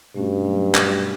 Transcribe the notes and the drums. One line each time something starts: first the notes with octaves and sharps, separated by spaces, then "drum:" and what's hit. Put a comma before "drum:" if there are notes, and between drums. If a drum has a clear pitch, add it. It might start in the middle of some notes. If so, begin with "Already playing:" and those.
G2 B2 A3 C#4 F#4
F#3 A3 D4
B2 G3 D4 F#4, drum: clap